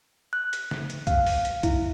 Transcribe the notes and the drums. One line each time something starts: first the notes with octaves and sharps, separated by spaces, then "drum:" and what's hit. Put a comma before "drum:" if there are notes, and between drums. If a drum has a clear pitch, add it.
F#6
drum: hi-hat
drum: snare
drum: hi-hat
F5, drum: kick B1, hi-hat
drum: open hi-hat
drum: hi-hat
E4, drum: kick B1, hi-hat